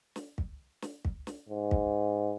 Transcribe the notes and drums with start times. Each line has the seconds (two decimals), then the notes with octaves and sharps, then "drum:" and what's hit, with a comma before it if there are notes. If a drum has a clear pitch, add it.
0.16 drum: snare
0.38 drum: kick
0.82 drum: snare
1.05 drum: kick
1.27 drum: snare
1.49 G#2
1.71 drum: kick